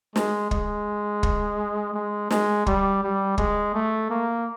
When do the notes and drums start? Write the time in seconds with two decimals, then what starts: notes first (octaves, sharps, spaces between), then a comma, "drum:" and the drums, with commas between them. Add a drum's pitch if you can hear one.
0.16 G#3, drum: snare
0.51 G#3, drum: kick
1.23 drum: kick
1.94 G#3
2.31 G#3, drum: snare
2.66 G3, drum: kick
3.03 G3
3.38 G#3, drum: kick
3.74 A3
4.10 A#3